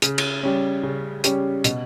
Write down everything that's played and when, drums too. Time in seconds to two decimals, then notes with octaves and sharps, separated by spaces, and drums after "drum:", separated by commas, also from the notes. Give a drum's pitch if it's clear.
0.02 C#3, drum: hi-hat
0.18 drum: cymbal
0.43 G3 C#4
0.83 C#3
1.24 G3 C#4, drum: hi-hat
1.64 B2, drum: hi-hat